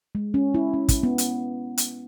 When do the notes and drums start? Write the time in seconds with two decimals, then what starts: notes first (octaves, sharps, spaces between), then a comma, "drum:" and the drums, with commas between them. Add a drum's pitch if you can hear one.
0.15 G#3
0.34 C#4
0.54 E4
0.74 C#4
0.89 drum: kick, hi-hat
1.03 B3
1.18 drum: hi-hat
1.78 drum: hi-hat